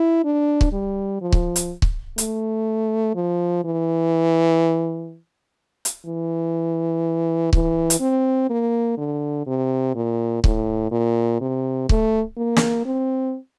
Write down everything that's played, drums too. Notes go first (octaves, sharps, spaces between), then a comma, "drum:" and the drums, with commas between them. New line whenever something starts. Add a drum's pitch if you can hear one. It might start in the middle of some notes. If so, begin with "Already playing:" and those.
Already playing: E4
D4
drum: kick C#1
G3
F3
drum: kick C#1
drum: hi-hat
drum: kick C#1
A3, drum: hi-hat
F3
E3
drum: hi-hat
E3
E3, drum: kick C#1
drum: hi-hat
C4
A#3
D3
C3
A#2
A2, drum: kick C#1
A#2
C3
A3, drum: kick C#1
A#3
drum: snare
C4